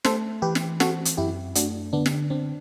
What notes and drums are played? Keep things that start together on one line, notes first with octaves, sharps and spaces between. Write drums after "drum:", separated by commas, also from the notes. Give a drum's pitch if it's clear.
A3 A4 C5, drum: snare
E3 G4 B4
drum: snare
C4 F#4 A4, drum: snare
drum: hi-hat
F#2 E4 G4
A3 D4 F#4, drum: hi-hat
D3 B3 D4
drum: snare
C4 D4